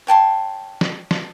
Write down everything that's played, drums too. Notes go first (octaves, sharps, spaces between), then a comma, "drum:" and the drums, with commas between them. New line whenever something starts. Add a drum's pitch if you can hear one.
C#5 G5 A5 C6
drum: snare
drum: snare